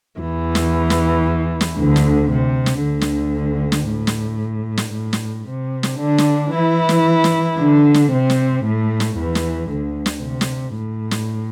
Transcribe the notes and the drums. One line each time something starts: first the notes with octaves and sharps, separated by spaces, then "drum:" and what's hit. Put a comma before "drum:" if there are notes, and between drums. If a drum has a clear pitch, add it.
E2 E3
drum: snare
drum: snare
drum: snare
D2 D3
drum: snare
C3
drum: snare
D2 D3
drum: snare
drum: snare
A2
drum: snare
drum: snare
A2
drum: snare
C3
drum: snare
D3 D4
drum: snare
E3 E4
drum: snare
drum: snare
D3 D4
drum: snare
C3 C4
drum: snare
A2 A3
drum: snare
E2 E3
drum: snare
D2 D3
drum: snare
C3
drum: snare
A2
drum: snare